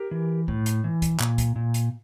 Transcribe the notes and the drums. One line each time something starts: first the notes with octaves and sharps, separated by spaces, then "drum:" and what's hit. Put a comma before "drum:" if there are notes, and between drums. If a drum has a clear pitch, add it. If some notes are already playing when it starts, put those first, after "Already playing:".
Already playing: G4 A#4
E3
A2, drum: kick C2
drum: hi-hat
E3
drum: kick C2, hi-hat
A#2, drum: clap
drum: kick C2, hi-hat
A#2
drum: hi-hat